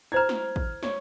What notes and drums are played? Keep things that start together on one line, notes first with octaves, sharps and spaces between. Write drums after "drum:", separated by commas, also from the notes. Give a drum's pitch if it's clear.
E4 C5 A#5 F6 G#6
drum: snare
drum: kick
C#5, drum: snare